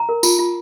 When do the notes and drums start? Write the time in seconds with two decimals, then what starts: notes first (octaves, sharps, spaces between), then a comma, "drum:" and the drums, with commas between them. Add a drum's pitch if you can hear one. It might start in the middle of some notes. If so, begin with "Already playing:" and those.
Already playing: A#5
0.09 A#4
0.23 F4, drum: tambourine
0.39 F4